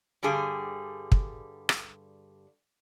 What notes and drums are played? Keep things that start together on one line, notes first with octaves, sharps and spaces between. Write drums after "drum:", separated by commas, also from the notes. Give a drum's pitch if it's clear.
G2 D3 G3 G#4
drum: kick
drum: rim click